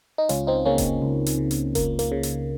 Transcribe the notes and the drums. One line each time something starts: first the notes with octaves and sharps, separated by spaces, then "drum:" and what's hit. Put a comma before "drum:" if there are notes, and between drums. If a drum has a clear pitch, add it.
D#4
C#2 C#4 F4, drum: hi-hat
C4 D#4
C#3 A#3 C#4
drum: kick F1, hi-hat
C#2
drum: hi-hat
C#3
drum: hi-hat
C#2 A#3, drum: kick F1, hi-hat
A#3, drum: hi-hat
C#3
drum: hi-hat